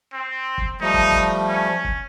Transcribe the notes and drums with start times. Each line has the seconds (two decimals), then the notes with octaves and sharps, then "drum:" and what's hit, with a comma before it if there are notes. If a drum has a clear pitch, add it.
0.13 C4
0.58 drum: kick
0.81 F3 G3 A3 D#4
0.94 drum: kick
1.12 drum: kick
1.48 C#4
1.84 drum: kick